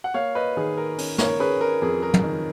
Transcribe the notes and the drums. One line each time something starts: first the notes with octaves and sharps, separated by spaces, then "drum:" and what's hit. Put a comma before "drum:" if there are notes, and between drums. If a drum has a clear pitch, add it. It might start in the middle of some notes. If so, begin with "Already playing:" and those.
F#5
A#3 C#5 F5
B4 D#5
D#3 G#4
A#4
C#4, drum: open hi-hat
A#4 C#5, drum: snare
C#4 G#4 B4
A#4
F2 G#4
A#4
drum: tom
D#3